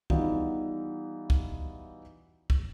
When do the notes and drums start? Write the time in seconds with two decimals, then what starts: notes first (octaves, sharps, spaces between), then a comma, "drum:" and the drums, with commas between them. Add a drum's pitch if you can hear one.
0.10 E3 G3 B3 D#4 F4 F#4, drum: kick
1.30 drum: kick
2.50 drum: kick